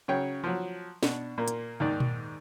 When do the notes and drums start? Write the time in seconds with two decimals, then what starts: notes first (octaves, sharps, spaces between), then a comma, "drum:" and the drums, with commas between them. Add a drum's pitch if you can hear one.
0.08 C#3 F#3 C#5 G5
0.44 F3 F#3
1.03 B2 D4, drum: snare
1.38 A#2 A#3
1.48 drum: hi-hat
1.80 D#2 G#2 D#3 D5
2.00 drum: tom A#2